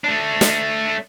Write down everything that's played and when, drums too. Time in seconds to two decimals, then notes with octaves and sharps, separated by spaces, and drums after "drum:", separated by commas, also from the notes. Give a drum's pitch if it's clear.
0.04 A3 D4
0.41 drum: snare